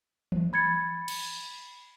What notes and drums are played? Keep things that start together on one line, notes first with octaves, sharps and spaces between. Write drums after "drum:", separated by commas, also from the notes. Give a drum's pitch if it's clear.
drum: tom E3
B5 G#6 A6 C#7
drum: cymbal